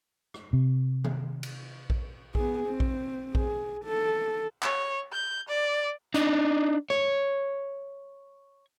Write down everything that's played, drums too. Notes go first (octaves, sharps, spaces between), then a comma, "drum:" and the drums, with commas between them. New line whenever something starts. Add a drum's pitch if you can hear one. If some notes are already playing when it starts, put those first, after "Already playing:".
drum: rim click
C3
drum: tom D#3
drum: cymbal
drum: kick A#1
B3 G#4, drum: kick A#1
C4
drum: kick A#1
G#4, drum: kick A#1
A4
C#5, drum: clap
G6
D5
D4 D#4, drum: hi-hat
C#5, drum: rim click